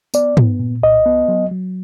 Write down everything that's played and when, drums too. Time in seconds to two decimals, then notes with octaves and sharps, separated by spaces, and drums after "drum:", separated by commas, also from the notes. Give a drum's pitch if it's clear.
0.14 B3 D5, drum: tambourine
0.37 B3, drum: tom
0.59 A#2
0.83 C2 D#5
1.06 B3
1.28 F#3
1.51 F#3